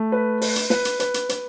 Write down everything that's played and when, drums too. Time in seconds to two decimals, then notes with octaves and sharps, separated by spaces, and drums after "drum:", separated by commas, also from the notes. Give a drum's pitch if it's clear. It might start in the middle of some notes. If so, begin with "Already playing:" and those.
Already playing: A3
0.12 B4
0.41 B4, drum: open hi-hat
0.56 drum: hi-hat
0.70 B4, drum: snare
0.85 drum: hi-hat
1.00 B4, drum: hi-hat
1.14 drum: hi-hat
1.29 B4, drum: hi-hat